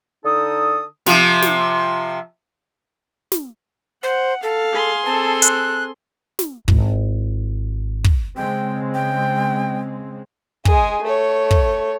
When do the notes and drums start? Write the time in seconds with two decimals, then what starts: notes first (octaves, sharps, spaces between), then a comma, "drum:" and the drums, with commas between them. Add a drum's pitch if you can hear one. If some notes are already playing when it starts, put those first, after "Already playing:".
0.25 D3 D#4 A4 D#6
1.06 C3 F3, drum: snare
1.42 drum: snare
3.32 drum: snare
4.03 C5 F#5
4.43 A4 F5
4.73 G#4 C6
5.06 C4 A4 A5
5.42 F#6, drum: hi-hat
6.39 drum: snare
6.68 G#1 E4, drum: kick
8.04 drum: kick
8.37 C#3 G#3 C4 G5
8.94 G5
10.65 G#3 G#4, drum: kick
11.03 A3 C#5
11.51 drum: kick